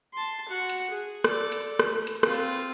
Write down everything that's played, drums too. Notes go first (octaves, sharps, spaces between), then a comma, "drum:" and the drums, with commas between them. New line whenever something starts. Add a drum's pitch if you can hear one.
A5 C6
F#4 F#5
drum: hi-hat
G#4
A4 D5, drum: rim click
drum: hi-hat
drum: rim click
A3
drum: hi-hat
C4 F4, drum: rim click
drum: hi-hat